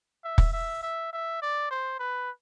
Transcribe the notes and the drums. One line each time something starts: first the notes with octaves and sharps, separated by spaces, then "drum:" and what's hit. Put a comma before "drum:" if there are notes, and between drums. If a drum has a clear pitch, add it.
E5
drum: kick
E5
E5
E5
D5
C5
B4